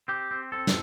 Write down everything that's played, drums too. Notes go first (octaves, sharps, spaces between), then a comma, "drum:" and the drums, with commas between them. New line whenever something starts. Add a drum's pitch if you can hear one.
C4 G4
C4
C4 A4
drum: snare